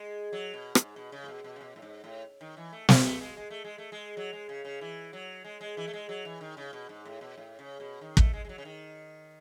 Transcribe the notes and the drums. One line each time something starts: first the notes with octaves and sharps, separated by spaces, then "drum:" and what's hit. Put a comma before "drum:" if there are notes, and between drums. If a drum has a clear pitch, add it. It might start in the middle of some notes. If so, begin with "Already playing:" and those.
Already playing: G#3
F#3
B2
G#2, drum: rim click
B2
C#3
A2
B2
B2
C#3
B2
A2
G#2
A2
D#3
E3
A3
G#3, drum: snare
A3
G#3
G#3
A3
G#3
A3
G#3
F#3
G#3
C#3
C#3
E3
F#3
G#3
G#3
E3
A3
G#3
F#3
E3
D#3
C#3
B2
G#2
A2
B2
A2
C#3
B2
D#3
A3, drum: kick
G#3
G#3
F#3
C#3
D#3